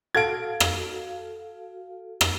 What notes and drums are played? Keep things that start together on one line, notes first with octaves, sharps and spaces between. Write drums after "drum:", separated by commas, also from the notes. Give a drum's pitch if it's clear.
F#4 A4 F5 G#6 D7
drum: rim click
drum: rim click